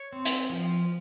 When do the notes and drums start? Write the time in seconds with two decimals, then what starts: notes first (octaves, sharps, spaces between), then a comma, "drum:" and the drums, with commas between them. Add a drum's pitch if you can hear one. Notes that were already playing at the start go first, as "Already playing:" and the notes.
Already playing: C#5
0.13 C4
0.25 drum: hi-hat
0.50 F3